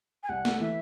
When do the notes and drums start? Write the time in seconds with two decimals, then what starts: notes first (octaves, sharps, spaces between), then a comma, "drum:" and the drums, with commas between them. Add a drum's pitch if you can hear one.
0.23 G#5
0.29 C2 F#5
0.45 A3, drum: snare
0.60 E3 E5